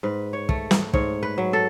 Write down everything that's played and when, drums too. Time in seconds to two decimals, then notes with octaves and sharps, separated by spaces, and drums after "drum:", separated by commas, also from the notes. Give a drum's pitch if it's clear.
0.03 G#2 B4
0.33 C#5
0.49 A3, drum: kick
0.71 drum: snare
0.93 G#2 C#5, drum: kick
1.23 B4
1.38 F#3
1.53 A4